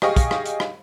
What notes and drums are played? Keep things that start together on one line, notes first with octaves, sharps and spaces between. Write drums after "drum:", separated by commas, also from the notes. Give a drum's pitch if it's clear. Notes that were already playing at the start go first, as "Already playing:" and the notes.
G4 G#4 D#5 F5 C#6, drum: rim click
drum: kick, hi-hat
drum: rim click
drum: hi-hat
drum: rim click